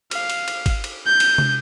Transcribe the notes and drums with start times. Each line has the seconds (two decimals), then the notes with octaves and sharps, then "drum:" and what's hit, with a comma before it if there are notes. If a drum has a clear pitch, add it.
0.11 F5, drum: cymbal
0.30 drum: cymbal
0.48 drum: cymbal
0.66 drum: kick, cymbal
0.84 drum: cymbal
1.06 G6
1.20 drum: cymbal
1.38 drum: tom